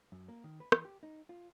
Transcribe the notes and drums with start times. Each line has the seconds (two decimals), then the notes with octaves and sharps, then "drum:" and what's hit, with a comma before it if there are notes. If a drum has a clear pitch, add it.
0.12 F#2
0.28 A#3
0.44 D#3
0.60 B4
0.72 E3, drum: rim click
0.85 G4
1.03 D#4
1.29 F4